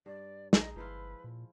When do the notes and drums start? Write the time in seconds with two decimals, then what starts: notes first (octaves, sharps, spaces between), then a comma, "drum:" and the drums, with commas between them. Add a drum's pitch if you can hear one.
0.06 G2 D5
0.53 A#1 G#3 D#4 D#5, drum: snare
0.76 G1 F3 E4 F4 B4
1.24 A#2